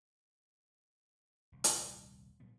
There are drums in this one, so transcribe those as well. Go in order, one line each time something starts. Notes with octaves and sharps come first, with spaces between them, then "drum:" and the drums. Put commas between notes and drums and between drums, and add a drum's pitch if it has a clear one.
D#1 C2
drum: hi-hat
A#2 F#3 G3 B3